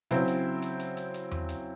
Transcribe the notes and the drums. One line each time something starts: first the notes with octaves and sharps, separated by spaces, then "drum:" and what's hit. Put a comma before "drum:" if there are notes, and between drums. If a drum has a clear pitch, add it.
C#3 F#3 C4 E4 C5, drum: hi-hat
drum: hi-hat
drum: hi-hat
drum: hi-hat
drum: hi-hat
drum: hi-hat
drum: tom E2
drum: hi-hat